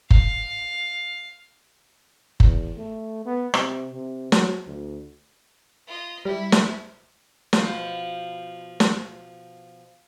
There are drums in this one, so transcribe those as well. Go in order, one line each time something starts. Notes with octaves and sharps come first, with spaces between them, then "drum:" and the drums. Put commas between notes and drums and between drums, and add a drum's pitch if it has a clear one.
F5, drum: kick F#1
E2, drum: kick F#1
A3
B3
C3, drum: rim click
C3
F#3, drum: snare
D2
F4 D#5
G3 E4
drum: snare
B2 F3, drum: snare
drum: snare